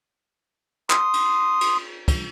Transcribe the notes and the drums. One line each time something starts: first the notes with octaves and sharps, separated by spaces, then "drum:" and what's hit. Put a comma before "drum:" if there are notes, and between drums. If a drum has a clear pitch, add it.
C6 D#6, drum: clap
drum: cymbal
drum: cymbal
drum: kick, cymbal